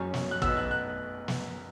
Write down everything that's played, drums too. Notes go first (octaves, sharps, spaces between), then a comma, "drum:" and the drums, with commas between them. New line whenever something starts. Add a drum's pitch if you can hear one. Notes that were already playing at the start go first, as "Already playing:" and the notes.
Already playing: F#1 F#2 F#3 C#4
drum: snare
F#6
B1 B2 B3 E6, drum: kick
F#6
F#6
drum: snare